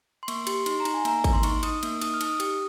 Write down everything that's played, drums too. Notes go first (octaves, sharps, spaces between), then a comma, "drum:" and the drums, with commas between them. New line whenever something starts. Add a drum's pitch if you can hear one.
C6
A#3 C#6, drum: cymbal
G4 C6, drum: cymbal
D#4 C6, drum: cymbal
A#5
D#4, drum: cymbal
G#5
A#3 A#5, drum: cymbal
A#3, drum: kick G#1, cymbal
C6
D#4 C#6, drum: cymbal
D#4 D#6, drum: cymbal
A#3, drum: cymbal
D#4 D#6, drum: cymbal
F6
D#4, drum: cymbal
D#6
G4, drum: cymbal